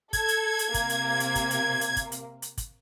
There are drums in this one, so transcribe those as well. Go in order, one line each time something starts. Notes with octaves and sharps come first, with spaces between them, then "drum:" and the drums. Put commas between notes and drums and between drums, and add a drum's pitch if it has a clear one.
A4 G#6, drum: kick, hi-hat
drum: hi-hat
drum: hi-hat
C3 A#3, drum: kick, hi-hat
drum: hi-hat
drum: hi-hat
drum: kick, hi-hat
drum: hi-hat
drum: hi-hat
drum: kick, hi-hat
drum: hi-hat
drum: hi-hat
drum: kick, hi-hat